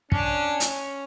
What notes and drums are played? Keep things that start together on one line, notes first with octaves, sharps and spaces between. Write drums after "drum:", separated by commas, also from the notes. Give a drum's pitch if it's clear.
C#4 D4, drum: kick
drum: hi-hat